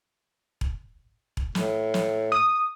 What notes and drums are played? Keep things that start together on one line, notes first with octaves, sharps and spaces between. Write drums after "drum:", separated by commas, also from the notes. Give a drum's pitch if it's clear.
drum: kick E1
drum: kick E1
A2, drum: snare
drum: snare
D#6